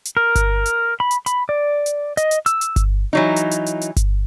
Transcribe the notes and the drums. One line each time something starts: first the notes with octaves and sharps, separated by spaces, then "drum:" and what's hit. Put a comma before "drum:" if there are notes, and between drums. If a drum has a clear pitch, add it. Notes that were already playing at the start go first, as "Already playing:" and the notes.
drum: hi-hat
A#4
drum: kick G1, hi-hat
drum: hi-hat
B5
drum: hi-hat
B5, drum: hi-hat
D5
drum: hi-hat
D#5, drum: hi-hat
drum: hi-hat
E6, drum: hi-hat
drum: hi-hat
drum: kick G1, hi-hat
E3 F#3 D#4
drum: hi-hat
drum: hi-hat
drum: hi-hat
drum: hi-hat
drum: kick G1, hi-hat